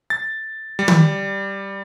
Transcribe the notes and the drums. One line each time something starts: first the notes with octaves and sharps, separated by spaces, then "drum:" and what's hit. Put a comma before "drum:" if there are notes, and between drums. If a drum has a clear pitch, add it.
A6
G3
drum: tom